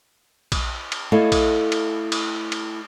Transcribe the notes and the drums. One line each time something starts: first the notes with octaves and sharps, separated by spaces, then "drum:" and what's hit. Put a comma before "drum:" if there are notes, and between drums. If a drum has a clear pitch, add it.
drum: kick, cymbal
drum: cymbal
A3 E4 A4 C#5 D#5 F5
drum: kick, cymbal
drum: cymbal
drum: cymbal
drum: cymbal